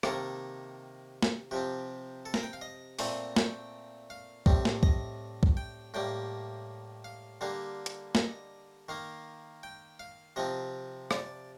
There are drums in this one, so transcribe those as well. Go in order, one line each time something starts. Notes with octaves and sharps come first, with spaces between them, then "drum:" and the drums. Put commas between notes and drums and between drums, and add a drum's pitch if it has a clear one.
C3 D#3 A#3 A4, drum: rim click
drum: snare
C3 F3 C4 G4
A4
A#4, drum: snare
G5
F5
D#5
A#2 A3 C4, drum: open hi-hat
G5, drum: snare
F5
A2 G3 C4, drum: kick
drum: snare
D#5, drum: kick
drum: kick
G5
A2 G3 A#3 G5
F5
D3 G3 A#3 F5
drum: hi-hat
D#5, drum: snare
D#3 A#3 F5
G5
F5
C3 F3 C4 D#5
D5, drum: rim click